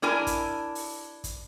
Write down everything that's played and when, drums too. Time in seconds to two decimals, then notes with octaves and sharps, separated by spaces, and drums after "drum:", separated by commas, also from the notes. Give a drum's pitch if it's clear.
0.02 D4 E4 A#4 G#5
0.27 drum: kick, hi-hat
0.75 drum: open hi-hat
1.24 drum: kick, hi-hat